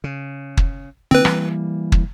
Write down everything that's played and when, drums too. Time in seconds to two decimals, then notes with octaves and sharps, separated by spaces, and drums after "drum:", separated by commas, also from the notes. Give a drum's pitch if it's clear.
0.04 C#3
0.57 drum: kick
1.11 D3 A#3 C4 B4
1.25 E3 G3 A#3, drum: rim click
1.92 drum: kick